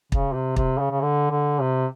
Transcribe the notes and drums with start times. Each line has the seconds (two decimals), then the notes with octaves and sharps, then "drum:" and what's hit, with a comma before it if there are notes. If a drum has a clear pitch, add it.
0.12 C#3, drum: kick
0.34 C3
0.56 C3, drum: kick
0.78 C#3
0.91 C#3
1.01 D3
1.30 D3
1.60 C3